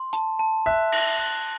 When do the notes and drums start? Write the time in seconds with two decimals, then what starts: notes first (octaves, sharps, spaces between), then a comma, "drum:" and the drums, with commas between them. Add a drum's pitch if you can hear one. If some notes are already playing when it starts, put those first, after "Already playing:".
Already playing: C6
0.13 A5, drum: hi-hat
0.39 A5
0.66 E5 F#6
0.92 A#6, drum: cymbal
1.20 F#6